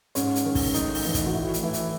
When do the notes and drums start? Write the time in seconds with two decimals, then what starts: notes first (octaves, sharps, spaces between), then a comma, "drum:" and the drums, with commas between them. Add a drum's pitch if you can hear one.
0.15 G#2 C#4, drum: hi-hat
0.35 drum: hi-hat
0.45 D#3
0.55 drum: kick, open hi-hat
0.74 A2 D#4, drum: hi-hat
0.95 drum: open hi-hat
1.05 E3 D#4
1.14 drum: kick, hi-hat
1.26 F#4
1.33 A2 E4
1.54 drum: hi-hat
1.63 E3 E4
1.73 drum: hi-hat